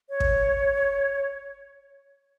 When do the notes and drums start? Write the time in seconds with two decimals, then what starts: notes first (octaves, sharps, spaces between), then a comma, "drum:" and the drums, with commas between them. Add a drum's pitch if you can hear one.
0.10 C#5
0.20 drum: kick